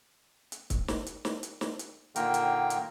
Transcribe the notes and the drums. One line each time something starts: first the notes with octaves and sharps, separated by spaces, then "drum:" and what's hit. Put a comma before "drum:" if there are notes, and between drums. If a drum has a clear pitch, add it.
drum: hi-hat
drum: kick, hi-hat
drum: snare
drum: hi-hat
drum: snare
drum: hi-hat
drum: snare
drum: hi-hat
A#2 D3 D#3 A#3 A#4 G5, drum: hi-hat
drum: hi-hat
drum: hi-hat